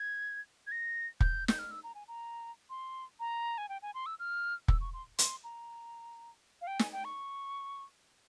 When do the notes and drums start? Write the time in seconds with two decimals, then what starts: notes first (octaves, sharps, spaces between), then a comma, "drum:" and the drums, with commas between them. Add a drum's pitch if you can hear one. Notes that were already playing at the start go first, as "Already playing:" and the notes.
Already playing: G#6
0.67 G#6
0.72 A#6
1.20 G6, drum: kick
1.48 G6, drum: snare
1.59 F6
1.71 E6
1.84 A#5
1.95 G#5
2.08 A#5
2.70 C6
3.20 A#5
3.58 G#5
3.69 G5
3.82 G#5
3.94 C6
4.06 E6
4.19 F6
4.68 E6, drum: kick
4.81 C#6
4.94 C6
5.19 C6, drum: hi-hat
5.44 A#5
6.61 F5
6.67 G5
6.79 G#5, drum: snare
6.92 G5
7.05 C#6